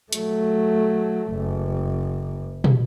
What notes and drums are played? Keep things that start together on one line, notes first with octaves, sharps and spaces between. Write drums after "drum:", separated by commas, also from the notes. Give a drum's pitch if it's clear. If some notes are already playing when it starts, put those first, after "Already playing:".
F#3 A3, drum: hi-hat
F#1
drum: tom